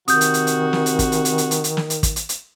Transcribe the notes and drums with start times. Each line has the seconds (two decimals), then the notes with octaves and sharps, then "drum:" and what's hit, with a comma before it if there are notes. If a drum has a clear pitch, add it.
0.08 C3 D#3 F#4 D#6 G6, drum: hi-hat
0.21 drum: hi-hat
0.34 drum: hi-hat
0.47 drum: hi-hat
0.73 drum: snare
0.86 drum: hi-hat
0.99 drum: kick, hi-hat
1.12 drum: hi-hat
1.25 drum: hi-hat
1.38 drum: hi-hat
1.51 drum: hi-hat
1.64 drum: hi-hat
1.77 drum: snare
1.90 drum: hi-hat
2.03 drum: kick, hi-hat
2.16 drum: hi-hat
2.29 drum: hi-hat